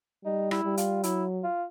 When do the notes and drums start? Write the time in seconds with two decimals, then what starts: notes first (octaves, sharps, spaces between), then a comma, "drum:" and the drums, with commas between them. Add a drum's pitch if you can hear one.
0.24 G3 D#4
0.51 E4, drum: rim click
0.64 G3
0.77 F4, drum: hi-hat
1.03 F#3 E4, drum: hi-hat
1.43 F4